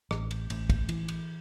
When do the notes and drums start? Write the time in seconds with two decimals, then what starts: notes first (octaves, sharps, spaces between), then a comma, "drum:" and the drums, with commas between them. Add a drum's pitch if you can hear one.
0.11 A1, drum: rim click
0.31 drum: cymbal
0.50 A1, drum: cymbal
0.70 drum: kick, cymbal
0.89 E3, drum: cymbal
1.08 drum: cymbal